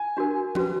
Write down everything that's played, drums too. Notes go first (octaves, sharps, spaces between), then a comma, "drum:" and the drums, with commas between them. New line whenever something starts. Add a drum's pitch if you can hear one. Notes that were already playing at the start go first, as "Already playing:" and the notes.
Already playing: G#5
D4 F#4 A#4
C#4 F#4 B4, drum: tom F3